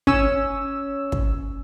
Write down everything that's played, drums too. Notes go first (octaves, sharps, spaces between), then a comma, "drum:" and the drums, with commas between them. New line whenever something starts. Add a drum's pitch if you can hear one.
C#4 E6, drum: kick
drum: kick